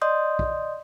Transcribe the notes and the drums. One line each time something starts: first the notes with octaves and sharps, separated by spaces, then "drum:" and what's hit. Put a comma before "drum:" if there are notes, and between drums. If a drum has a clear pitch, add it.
D5 D#5 C6 D#6 G6
drum: kick